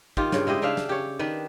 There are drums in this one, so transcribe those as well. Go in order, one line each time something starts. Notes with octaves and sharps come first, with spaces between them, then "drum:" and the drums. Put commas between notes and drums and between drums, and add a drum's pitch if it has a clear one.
D#3 F4 G4, drum: kick
G2 C#3, drum: snare
G#3 E4 G4 D#5
C#3 D4 E5 F5
drum: snare
G4 C#5
D#3 D4 B4